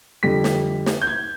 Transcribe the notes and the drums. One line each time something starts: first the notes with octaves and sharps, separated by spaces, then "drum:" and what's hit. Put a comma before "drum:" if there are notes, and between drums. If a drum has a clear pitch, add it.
F2 D3 G3 B6
drum: snare
drum: snare
G6
G#6